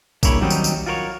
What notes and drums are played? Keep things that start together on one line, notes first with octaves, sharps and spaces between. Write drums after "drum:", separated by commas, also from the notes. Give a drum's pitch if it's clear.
G2 C#3 A#3 E4 C#5 B5, drum: kick A#1, tambourine
D#3 F#3 G3 C4 C#4 D#4
drum: tambourine
drum: tambourine
F4 F#4 A#4 B4 C#5